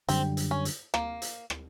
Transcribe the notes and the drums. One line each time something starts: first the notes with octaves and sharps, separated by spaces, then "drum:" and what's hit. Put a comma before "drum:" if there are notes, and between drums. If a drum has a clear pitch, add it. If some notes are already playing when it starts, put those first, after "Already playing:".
F#2 D3 G3 C4, drum: hi-hat
drum: hi-hat
C#4
drum: hi-hat
A#3, drum: rim click
drum: hi-hat
drum: rim click